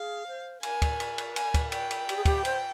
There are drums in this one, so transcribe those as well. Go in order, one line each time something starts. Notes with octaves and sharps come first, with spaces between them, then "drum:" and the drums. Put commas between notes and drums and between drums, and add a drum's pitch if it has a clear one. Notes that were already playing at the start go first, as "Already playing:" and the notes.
Already playing: G#4 F5
C5
A#4 G#5, drum: cymbal
drum: kick, cymbal
drum: cymbal
drum: cymbal
G#5, drum: cymbal
drum: kick, cymbal
G5, drum: cymbal
drum: cymbal
G4, drum: cymbal
G#4
G4, drum: kick, cymbal
C5, drum: cymbal